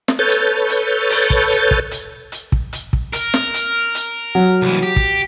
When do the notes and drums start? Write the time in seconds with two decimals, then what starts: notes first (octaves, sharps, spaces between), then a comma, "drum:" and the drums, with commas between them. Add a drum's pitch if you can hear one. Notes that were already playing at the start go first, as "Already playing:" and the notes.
0.08 drum: snare
0.19 A4 B4 C#5 G6 A6
0.29 drum: hi-hat
0.69 drum: hi-hat
1.10 drum: open hi-hat
1.30 drum: kick
1.51 drum: hi-hat
1.71 drum: kick
1.91 drum: hi-hat
2.32 drum: hi-hat
2.52 drum: kick
2.73 drum: hi-hat
2.93 drum: kick
3.13 A#4, drum: hi-hat
3.34 drum: snare
3.54 drum: hi-hat
3.95 drum: hi-hat
4.35 F#3
4.62 C2 E3
4.83 G4
4.96 drum: kick